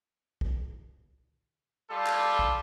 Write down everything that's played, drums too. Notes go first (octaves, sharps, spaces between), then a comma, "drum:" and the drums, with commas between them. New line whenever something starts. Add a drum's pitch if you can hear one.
drum: kick
G3 F4 A4
drum: clap
drum: kick